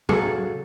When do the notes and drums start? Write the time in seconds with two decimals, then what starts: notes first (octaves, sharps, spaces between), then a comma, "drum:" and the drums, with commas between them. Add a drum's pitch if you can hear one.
0.09 C#3 F#3 A4, drum: tom